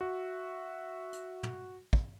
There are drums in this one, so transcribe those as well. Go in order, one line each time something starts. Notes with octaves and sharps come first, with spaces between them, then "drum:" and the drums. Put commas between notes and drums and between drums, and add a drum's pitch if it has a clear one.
F#4 E5
drum: hi-hat
drum: tom
drum: kick